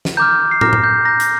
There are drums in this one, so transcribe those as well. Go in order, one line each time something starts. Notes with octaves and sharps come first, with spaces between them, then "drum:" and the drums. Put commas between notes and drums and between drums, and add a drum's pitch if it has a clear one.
drum: snare
A#5 D6 F6 G6
C7
A#5 D6 F6 A#6, drum: tom
drum: tom A2
G6
A#5 G6 A#6
drum: hi-hat